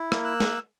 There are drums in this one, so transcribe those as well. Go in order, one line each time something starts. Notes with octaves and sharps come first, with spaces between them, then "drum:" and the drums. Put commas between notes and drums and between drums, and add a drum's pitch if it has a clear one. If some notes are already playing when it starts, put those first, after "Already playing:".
Already playing: E4
A#3, drum: rim click
E6 F#6
drum: snare